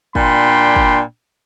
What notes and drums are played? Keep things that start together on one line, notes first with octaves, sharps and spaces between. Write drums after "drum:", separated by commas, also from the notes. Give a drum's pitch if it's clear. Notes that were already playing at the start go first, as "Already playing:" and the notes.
A#2 D4 G5 B5 C6, drum: kick
drum: kick